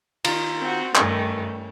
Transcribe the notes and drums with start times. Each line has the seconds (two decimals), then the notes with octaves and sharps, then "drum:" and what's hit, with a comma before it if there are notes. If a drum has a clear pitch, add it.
0.24 D#3 F4, drum: cymbal
0.60 C4 F#4
0.95 G2 D#3 A3 C#4, drum: clap